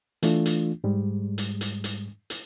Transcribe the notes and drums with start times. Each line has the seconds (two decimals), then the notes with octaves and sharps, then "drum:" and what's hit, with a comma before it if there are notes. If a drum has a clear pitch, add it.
0.23 E3 A3 D4 F4, drum: hi-hat
0.46 drum: hi-hat
0.84 G#2 G3 G#3
1.38 drum: hi-hat
1.61 drum: hi-hat
1.84 drum: hi-hat
2.30 drum: hi-hat